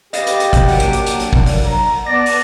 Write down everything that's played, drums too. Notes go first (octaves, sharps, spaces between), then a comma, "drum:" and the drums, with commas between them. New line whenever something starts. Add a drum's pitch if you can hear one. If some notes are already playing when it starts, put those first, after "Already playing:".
G4 B4 D#5 F5 A6, drum: hi-hat
drum: hi-hat
drum: hi-hat
drum: kick, hi-hat
F#3 A#3 D4 F#5 D7, drum: open hi-hat
drum: hi-hat
drum: hi-hat
drum: hi-hat
drum: hi-hat
drum: kick
drum: open hi-hat
A#5
B3 D5 F#5 A5 A#6
drum: open hi-hat